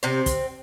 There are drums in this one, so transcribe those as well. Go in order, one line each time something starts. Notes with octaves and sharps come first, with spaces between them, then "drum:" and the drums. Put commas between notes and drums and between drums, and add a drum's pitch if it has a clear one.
C3 C4
drum: kick, hi-hat